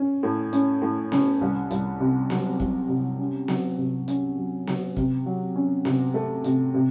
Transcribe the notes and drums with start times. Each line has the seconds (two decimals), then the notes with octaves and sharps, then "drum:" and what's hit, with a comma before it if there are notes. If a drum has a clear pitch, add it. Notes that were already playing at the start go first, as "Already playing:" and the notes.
Already playing: C#4
0.23 A2
0.53 C#4, drum: hi-hat
0.82 A2
1.12 C#4, drum: snare B3
1.41 C2
1.71 C2, drum: hi-hat
2.00 C3
2.30 F#3, drum: snare B3
2.60 C2, drum: kick
2.89 C3
3.19 C#4
3.48 F#3, drum: snare B3
3.78 C3
4.08 C#4, drum: hi-hat
4.37 F#3
4.67 F#3, drum: snare B3
4.97 C3, drum: kick
5.26 F#3
5.56 C#4
5.85 C3, drum: snare B3
6.14 A3
6.44 C3, drum: hi-hat
6.74 C3